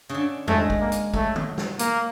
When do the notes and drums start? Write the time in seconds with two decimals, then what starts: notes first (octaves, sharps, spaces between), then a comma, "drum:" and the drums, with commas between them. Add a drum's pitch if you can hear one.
0.09 C#3
0.15 D3
0.48 G#3 A3, drum: tom E2
0.70 drum: kick
0.81 A#3
0.92 drum: hi-hat
1.14 F#3 A3, drum: kick
1.36 drum: tom D3
1.58 drum: snare
1.79 A#3, drum: hi-hat